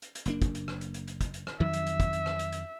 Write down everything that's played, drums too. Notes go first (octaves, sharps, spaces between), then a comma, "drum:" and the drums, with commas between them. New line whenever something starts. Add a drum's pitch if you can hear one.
drum: hi-hat
drum: hi-hat
F#1 A#3 D4, drum: hi-hat
drum: kick, hi-hat
drum: hi-hat
drum: rim click
drum: hi-hat
drum: hi-hat
drum: hi-hat
drum: kick, hi-hat
drum: hi-hat
drum: rim click
F2 D#3 F#3 E5
drum: hi-hat
drum: hi-hat
drum: kick, hi-hat
drum: hi-hat
drum: rim click
drum: hi-hat
drum: hi-hat